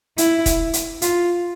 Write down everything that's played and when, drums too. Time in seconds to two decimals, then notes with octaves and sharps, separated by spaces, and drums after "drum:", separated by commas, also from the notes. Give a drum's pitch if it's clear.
0.18 E4, drum: hi-hat
0.46 drum: kick, hi-hat
0.73 drum: hi-hat
1.02 F4, drum: hi-hat